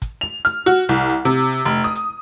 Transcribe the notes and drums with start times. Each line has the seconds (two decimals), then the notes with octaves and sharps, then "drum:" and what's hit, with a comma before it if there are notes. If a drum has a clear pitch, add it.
0.02 drum: kick, hi-hat
0.21 F7
0.45 F6, drum: hi-hat
0.66 F#4
0.89 C2, drum: hi-hat
1.09 drum: hi-hat
1.25 C3
1.52 drum: hi-hat
1.66 F1
1.84 D#6
1.96 drum: hi-hat